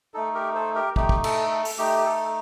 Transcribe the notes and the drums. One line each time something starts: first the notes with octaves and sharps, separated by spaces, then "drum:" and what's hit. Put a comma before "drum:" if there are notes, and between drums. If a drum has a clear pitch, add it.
A3 D#4 A4
G4 A#4
A4 C5
G4 A#4
A3 D#4 G4, drum: kick
drum: kick
A4, drum: cymbal
A4
drum: open hi-hat
A3 D#4 G4
G4
A4